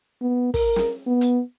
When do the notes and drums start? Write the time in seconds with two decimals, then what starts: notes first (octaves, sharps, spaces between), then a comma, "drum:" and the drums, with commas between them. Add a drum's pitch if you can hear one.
0.21 B3
0.54 A#4, drum: kick, open hi-hat
0.76 drum: snare
1.07 B3
1.21 drum: hi-hat